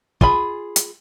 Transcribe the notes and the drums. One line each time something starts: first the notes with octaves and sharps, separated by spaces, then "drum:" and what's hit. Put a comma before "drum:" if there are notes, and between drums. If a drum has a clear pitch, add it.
F4 G#4 B5, drum: kick
drum: hi-hat